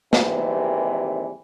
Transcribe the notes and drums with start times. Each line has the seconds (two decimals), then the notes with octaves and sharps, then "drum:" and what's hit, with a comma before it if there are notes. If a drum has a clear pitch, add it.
0.13 G#1 D#2 C3 E3 G3 B4, drum: snare